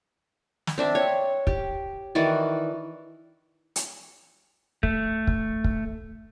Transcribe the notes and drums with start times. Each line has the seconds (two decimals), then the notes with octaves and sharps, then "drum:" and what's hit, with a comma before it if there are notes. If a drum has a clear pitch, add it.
0.67 drum: snare
0.78 C4 D4 E5
0.95 C#5
1.47 G4, drum: kick
2.15 D#3 E3 F#4 D5
3.76 drum: hi-hat
4.83 A3, drum: kick
5.27 drum: kick
5.64 drum: kick